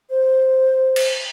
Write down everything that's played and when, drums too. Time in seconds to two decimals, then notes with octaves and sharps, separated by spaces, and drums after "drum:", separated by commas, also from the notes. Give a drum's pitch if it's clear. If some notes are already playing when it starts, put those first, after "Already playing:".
0.10 C5
0.96 drum: cymbal